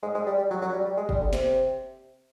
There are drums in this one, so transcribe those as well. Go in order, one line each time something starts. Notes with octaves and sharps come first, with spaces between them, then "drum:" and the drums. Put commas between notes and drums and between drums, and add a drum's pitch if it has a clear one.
G#3
G#3
G3
G3
F#3
F#3
G3
G3
G#3
G3, drum: kick
D3
C3, drum: snare